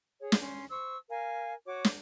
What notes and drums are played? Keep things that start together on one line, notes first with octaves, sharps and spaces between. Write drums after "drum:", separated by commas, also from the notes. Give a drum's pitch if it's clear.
G#4 C#5
drum: snare
C#4 C6
C5 C#6 E6
A#4 F5 G#5
F#4 C#5 D6
drum: snare